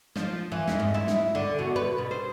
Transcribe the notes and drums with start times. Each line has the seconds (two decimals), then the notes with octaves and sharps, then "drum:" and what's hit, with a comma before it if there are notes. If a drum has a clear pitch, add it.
0.16 F3, drum: snare
0.52 E3
0.68 F2, drum: snare
0.80 G#2
0.94 E4
1.07 drum: snare
1.35 D3
1.59 B2
1.76 B4
1.98 B2
2.11 C5